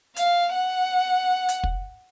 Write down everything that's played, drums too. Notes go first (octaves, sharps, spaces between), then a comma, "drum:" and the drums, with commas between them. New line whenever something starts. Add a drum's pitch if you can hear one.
F5, drum: hi-hat
F#5
drum: hi-hat
drum: kick